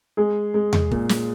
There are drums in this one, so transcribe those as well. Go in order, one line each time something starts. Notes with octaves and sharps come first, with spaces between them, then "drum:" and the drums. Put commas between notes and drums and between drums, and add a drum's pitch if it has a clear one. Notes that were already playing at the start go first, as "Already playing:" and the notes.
G#3 G#4
G#3
drum: tom E2
A#2, drum: kick
drum: snare